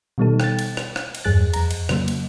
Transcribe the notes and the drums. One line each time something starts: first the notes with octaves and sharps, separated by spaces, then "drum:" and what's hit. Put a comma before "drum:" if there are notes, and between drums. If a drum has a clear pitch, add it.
B2 D#3 G3 B3 D#4 A4
G5 A6, drum: rim click
drum: cymbal
drum: rim click
drum: rim click
drum: cymbal
E2 G2 G#4 F#6 A6
F2 A#5, drum: cymbal
drum: cymbal
C#3 F#3 A#3, drum: rim click
drum: cymbal